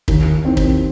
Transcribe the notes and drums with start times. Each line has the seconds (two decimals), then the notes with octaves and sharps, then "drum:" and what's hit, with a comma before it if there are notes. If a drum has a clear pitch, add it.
0.08 D#2, drum: kick
0.45 D#3 C4
0.57 drum: kick